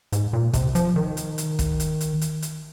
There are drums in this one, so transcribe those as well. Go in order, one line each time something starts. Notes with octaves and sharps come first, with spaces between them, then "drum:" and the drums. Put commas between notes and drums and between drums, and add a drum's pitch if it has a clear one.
G#2, drum: hi-hat
A#2
C3, drum: kick, hi-hat
F3, drum: hi-hat
D#3
drum: hi-hat
drum: hi-hat
drum: kick, hi-hat
drum: hi-hat
drum: hi-hat
drum: hi-hat
drum: hi-hat